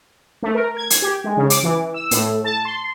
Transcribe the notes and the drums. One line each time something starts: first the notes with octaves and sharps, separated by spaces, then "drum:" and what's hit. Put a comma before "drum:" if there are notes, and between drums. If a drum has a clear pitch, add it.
A3
A#4
G#6
drum: hi-hat
G4
G#3
C#3
D6, drum: hi-hat
E3
E6
A2, drum: hi-hat
A5
C6